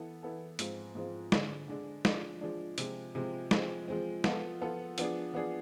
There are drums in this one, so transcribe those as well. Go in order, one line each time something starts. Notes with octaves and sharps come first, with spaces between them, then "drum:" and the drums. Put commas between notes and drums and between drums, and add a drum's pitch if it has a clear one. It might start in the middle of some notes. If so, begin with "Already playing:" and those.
Already playing: E3 B3 E4 A4
E3 B3 E4 A4
G#2 F3 G#3 C4 F4, drum: hi-hat
G#2 F3 G#3 C4 F4
D3 G#3 D4, drum: snare
D3 G#3 D4
F3 G#3 D4, drum: snare
F3 G#3 D4
C3 F3 G#3, drum: hi-hat
C3 F3 G#3
F3 G#3 C4, drum: snare
F3 G#3 C4
F3 B3 F4 A4, drum: snare
F3 B3 F4 A4
F3 B3 D4 G#4, drum: hi-hat
F3 B3 D4 G#4